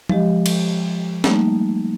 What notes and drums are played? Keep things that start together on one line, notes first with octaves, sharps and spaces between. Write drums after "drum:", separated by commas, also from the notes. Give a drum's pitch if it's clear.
F3 G#3 G4 D#5, drum: tom
drum: cymbal
G3 A3 A#3 D#4, drum: snare